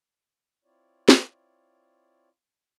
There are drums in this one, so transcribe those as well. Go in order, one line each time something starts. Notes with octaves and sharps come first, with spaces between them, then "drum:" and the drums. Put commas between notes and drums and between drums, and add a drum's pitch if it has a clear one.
C4 E4 F4 C#5 D5
drum: snare